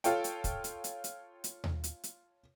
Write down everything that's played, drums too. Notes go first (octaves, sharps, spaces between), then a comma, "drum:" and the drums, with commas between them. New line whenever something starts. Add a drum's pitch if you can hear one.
F4 A4 C#5 G5, drum: hi-hat
drum: hi-hat
drum: kick, hi-hat
drum: hi-hat
drum: hi-hat
drum: hi-hat
drum: hi-hat
drum: tom D#2
drum: hi-hat
drum: hi-hat